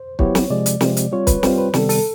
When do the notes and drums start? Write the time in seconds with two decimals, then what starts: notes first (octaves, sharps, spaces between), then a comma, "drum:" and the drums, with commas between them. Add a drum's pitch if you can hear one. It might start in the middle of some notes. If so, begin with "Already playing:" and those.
Already playing: C5
0.19 F#3 B3 E4 G4 C#5, drum: kick
0.35 drum: snare
0.50 C3 F3 G#3 D5
0.66 drum: hi-hat
0.81 C3 F3 G#3, drum: snare
0.97 drum: hi-hat
1.12 G3 C4 F4 C#5
1.27 B4, drum: kick, hi-hat
1.43 G3 C4 F4 C5, drum: snare
1.58 B4
1.74 C3 D#3 G3 B3 A4, drum: snare
1.89 A4, drum: open hi-hat